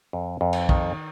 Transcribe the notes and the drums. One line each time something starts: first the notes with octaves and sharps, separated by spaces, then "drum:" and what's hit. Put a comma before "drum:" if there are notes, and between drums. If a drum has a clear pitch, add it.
F2
F2
drum: cymbal
D#3, drum: kick A#1